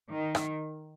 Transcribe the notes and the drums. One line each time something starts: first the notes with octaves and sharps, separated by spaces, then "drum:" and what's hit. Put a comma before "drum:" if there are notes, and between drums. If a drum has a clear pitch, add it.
D#3
drum: rim click